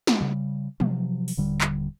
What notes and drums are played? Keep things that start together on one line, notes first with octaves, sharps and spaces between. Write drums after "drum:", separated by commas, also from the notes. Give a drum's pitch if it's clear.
drum: snare
C#3 G3
C3 F3 F#3, drum: tom
drum: open hi-hat
D#1 D3 G3
drum: clap